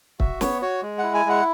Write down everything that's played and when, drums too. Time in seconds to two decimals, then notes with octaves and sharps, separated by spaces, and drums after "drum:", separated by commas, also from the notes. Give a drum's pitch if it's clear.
0.20 F#4 E5, drum: kick
0.41 B3 C#5, drum: snare
0.62 F#4 C#5
0.82 G#3
0.98 E4 F#5
1.14 G#5
1.25 G#3 F#5